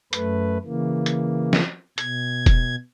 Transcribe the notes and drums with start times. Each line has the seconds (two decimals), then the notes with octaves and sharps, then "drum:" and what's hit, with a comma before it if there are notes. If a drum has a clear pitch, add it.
0.13 F#2 A3 B4, drum: hi-hat
0.65 C#3 E3 A#3
1.06 drum: hi-hat
1.53 drum: snare
1.98 B2 G#6, drum: hi-hat
2.46 drum: kick, hi-hat